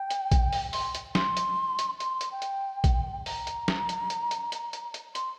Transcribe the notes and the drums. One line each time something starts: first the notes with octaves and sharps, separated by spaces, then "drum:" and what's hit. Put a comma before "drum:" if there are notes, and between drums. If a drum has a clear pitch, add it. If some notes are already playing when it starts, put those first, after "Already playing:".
Already playing: G5
drum: hi-hat
drum: kick A#1, hi-hat
drum: open hi-hat
C6, drum: open hi-hat
drum: hi-hat
C6, drum: snare
drum: hi-hat
drum: hi-hat
C6, drum: hi-hat
drum: hi-hat
G5
drum: hi-hat
drum: kick A#1, hi-hat
A#5, drum: open hi-hat
drum: hi-hat
drum: snare
drum: hi-hat
drum: hi-hat
drum: hi-hat
drum: hi-hat
drum: hi-hat
drum: hi-hat
C6, drum: hi-hat